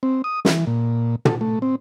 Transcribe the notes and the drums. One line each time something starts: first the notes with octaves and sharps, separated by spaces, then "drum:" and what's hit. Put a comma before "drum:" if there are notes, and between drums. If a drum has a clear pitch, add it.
C4
D#6
E3, drum: snare
A#2
A4, drum: tom
A3
C4